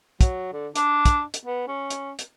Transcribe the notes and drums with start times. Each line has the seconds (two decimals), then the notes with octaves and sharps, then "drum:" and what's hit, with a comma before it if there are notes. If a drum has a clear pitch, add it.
0.21 F#3, drum: kick, hi-hat
0.53 D3
0.76 D4, drum: hi-hat
1.05 drum: kick, hi-hat
1.34 drum: hi-hat
1.46 B3
1.68 C#4
1.90 drum: hi-hat
2.19 drum: hi-hat